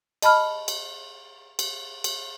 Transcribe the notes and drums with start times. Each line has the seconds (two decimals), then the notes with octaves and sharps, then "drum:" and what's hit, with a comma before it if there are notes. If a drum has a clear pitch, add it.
0.22 D#5 A5 B5 F6, drum: cymbal
0.68 drum: cymbal
1.59 drum: cymbal
2.04 drum: cymbal